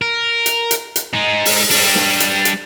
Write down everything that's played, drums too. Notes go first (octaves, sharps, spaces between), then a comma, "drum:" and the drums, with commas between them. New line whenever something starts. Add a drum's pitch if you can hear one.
A#4
drum: hi-hat
drum: hi-hat
drum: hi-hat
G#3 D#4
drum: open hi-hat
G3 D4, drum: open hi-hat
drum: snare
drum: hi-hat
drum: hi-hat